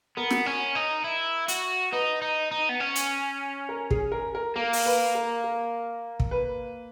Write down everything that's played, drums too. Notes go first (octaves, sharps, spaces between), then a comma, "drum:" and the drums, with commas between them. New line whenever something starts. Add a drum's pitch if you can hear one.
B3 A#4
drum: snare
C#4
D#4
E4
F#4, drum: hi-hat
D#4 B4
D#4
D#4
B3
C#4
drum: hi-hat
A#4
G#4, drum: kick
A#4
A#4
A#3 A#4
drum: open hi-hat
B4
A#4
A#4
drum: kick
B4